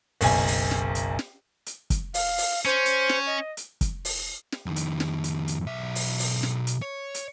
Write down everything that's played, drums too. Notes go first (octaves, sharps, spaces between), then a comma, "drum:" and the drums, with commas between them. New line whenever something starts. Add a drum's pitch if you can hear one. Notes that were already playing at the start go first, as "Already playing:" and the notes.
F#1 B1 G#5, drum: open hi-hat
drum: open hi-hat
drum: snare
drum: hi-hat
drum: snare
drum: hi-hat
drum: kick, hi-hat
F5, drum: open hi-hat
drum: open hi-hat
C#4 C5
drum: hi-hat
drum: snare
D#5
drum: hi-hat
drum: kick, hi-hat
drum: open hi-hat
drum: snare
F2 D#3
drum: hi-hat
drum: snare
drum: hi-hat
drum: hi-hat
B1 E5
drum: open hi-hat
drum: open hi-hat
drum: snare
drum: hi-hat
C#5
drum: hi-hat